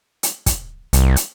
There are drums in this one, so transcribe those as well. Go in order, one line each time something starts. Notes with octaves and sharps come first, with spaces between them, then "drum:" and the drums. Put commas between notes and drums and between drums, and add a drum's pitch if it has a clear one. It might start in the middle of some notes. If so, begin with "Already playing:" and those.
drum: hi-hat
drum: kick, hi-hat
C2, drum: hi-hat
drum: hi-hat